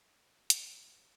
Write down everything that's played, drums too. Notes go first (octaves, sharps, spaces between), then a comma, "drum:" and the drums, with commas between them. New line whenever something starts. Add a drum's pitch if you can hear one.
A3 C4 F#4
drum: hi-hat
E3 B3 E4 A4 C#5 F5